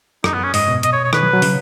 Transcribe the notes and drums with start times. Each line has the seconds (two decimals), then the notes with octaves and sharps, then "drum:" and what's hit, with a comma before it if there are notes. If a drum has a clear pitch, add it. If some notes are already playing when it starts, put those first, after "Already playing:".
0.24 F#2 D#4, drum: rim click
0.34 B3
0.43 C#4
0.54 G#2 D#5, drum: open hi-hat
0.68 B2
0.83 D#5, drum: hi-hat
0.93 C#5
1.04 C#5
1.13 D#3 B4, drum: rim click
1.23 F#3
1.33 F#3
1.42 C#3, drum: open hi-hat